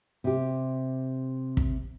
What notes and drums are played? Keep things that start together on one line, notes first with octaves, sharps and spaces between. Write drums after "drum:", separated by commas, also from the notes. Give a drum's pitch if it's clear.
C3 G4
drum: kick